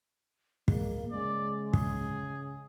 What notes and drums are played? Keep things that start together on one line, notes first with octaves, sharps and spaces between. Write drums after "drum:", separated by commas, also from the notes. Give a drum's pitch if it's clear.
G#3 A#3, drum: kick
C#3 G#3 D5
G#4, drum: kick